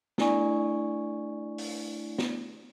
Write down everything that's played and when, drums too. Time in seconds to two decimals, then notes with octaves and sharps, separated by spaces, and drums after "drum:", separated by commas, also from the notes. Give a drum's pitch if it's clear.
0.18 A3 D4 E4 D5 G#5 C#6, drum: snare
1.58 drum: open hi-hat
2.18 drum: snare